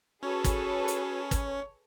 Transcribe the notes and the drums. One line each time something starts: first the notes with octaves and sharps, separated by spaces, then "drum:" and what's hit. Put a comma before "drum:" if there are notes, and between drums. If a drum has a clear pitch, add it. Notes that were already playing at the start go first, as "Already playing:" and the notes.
C#4 F#4 G#4 A4 B4 C#5
drum: kick, hi-hat
drum: hi-hat
drum: kick, hi-hat